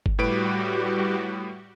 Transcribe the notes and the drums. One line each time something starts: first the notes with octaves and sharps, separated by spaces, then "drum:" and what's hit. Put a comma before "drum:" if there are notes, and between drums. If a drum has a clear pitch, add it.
drum: kick G1
A2 G3 F#4 G4 B4 D7